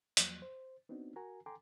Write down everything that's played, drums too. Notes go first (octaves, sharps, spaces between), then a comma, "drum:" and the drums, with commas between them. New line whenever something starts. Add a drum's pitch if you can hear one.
E2 F3 F#3 A#3 F#6, drum: hi-hat
C5
B3 C4 D4 D#4 F#4
F#4 A#4 G#5 A#5
A4 G5 G#5 A#5 C6 D6